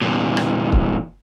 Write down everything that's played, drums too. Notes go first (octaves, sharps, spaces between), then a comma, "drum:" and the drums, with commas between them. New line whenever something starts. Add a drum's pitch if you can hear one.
E2 A#2
drum: rim click
drum: kick C#1